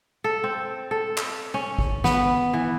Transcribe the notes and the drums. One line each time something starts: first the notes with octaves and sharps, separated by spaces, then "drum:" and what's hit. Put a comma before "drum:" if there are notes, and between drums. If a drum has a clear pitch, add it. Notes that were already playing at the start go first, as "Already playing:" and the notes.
A4
C4
A4
drum: clap
C#4
drum: kick A1
B3, drum: snare
E3